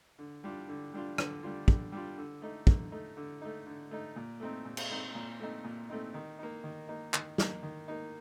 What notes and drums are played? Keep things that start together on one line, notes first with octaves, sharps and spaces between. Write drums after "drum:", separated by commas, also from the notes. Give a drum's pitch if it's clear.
D3
G3 D4 F4
D3
G3 D4 F4
D3, drum: rim click
G3 D4 F4
D3, drum: kick
G3 D4 F4
D3
A3 D#4
D3, drum: kick
A3 D#4
D3
A3 D#4
D3
A3 D#4
A#2
A3 C4 D#4
A#2
drum: cymbal
A3 C4 D#4
A#2
A3 C4 D#4
A#2
A3 C4 D#4
D#3
A#3 D#4
D#3
A#3 D#4
D#3, drum: clap
A#3 D#4, drum: snare
D#3
A#3 D#4